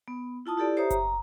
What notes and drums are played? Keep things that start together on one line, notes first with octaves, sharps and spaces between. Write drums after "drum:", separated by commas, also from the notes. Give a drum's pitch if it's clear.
B3
E4 F4 A5 D#6
E4 G4 A4 D5
G4 C5 C#5 E5 A#5 D#6
A#5, drum: kick F#1, hi-hat